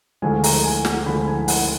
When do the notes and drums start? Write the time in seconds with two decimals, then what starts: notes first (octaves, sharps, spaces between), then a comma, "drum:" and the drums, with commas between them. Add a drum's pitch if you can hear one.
0.22 D2 D3 F3 G#3 G#5
0.44 A#5, drum: open hi-hat
0.64 G#5
0.85 F#5, drum: snare
1.06 D2 D3 F3 G#3 B5
1.27 G#5
1.48 F#5, drum: open hi-hat